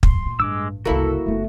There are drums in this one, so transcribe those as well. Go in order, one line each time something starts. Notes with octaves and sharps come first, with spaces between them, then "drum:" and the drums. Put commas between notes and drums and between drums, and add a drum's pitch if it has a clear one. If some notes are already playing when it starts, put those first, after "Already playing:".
F#2 C3 C6, drum: kick
A#2
A1 G2 G#3 D6 E6
F#1 C2 A#3 E4 F#4 A4
F#1 A3 B3